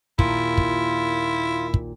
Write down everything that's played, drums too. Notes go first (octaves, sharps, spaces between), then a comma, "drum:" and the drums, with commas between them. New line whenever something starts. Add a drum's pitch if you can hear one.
D#2 A#2 E4 F4, drum: kick
drum: kick
drum: kick